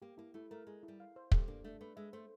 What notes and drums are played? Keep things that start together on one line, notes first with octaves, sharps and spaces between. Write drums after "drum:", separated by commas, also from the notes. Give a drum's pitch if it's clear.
A#3 G4
A#3 E4
A3 E4
A3 A#4
G#3 G#4
E4
G3
F5
C5
A3 G4, drum: kick
A#3 D4
A3 D4
A3 B4
G#3 E5
A3 C5